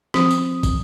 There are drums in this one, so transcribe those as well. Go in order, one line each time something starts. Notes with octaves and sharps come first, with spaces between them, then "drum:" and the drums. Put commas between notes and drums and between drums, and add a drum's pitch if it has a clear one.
F3 C4 D#6, drum: rim click
drum: tambourine
drum: kick, tambourine